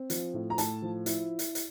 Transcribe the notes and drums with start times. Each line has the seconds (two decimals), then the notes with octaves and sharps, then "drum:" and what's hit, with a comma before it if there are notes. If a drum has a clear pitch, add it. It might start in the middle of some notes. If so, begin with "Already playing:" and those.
Already playing: C4
0.10 F3, drum: hi-hat
0.34 A2
0.50 A#5
0.58 A2 A5, drum: hi-hat
0.82 F3
1.06 E4, drum: hi-hat
1.39 drum: hi-hat
1.55 drum: hi-hat